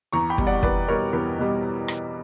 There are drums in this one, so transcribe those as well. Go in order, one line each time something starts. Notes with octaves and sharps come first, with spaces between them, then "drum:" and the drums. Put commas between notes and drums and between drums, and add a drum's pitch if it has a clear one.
E2 A#5 C#6
G5 B5
B2 G3, drum: kick
D5 F#5
E2 B4 D5, drum: kick
B2 G3 A#4 C#5
E2 G4 B4
B2 G3
drum: rim click